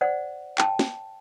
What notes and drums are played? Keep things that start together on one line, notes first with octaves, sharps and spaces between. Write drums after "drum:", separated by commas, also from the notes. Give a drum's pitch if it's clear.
C5 D5 F#5
G5 A5, drum: clap
drum: snare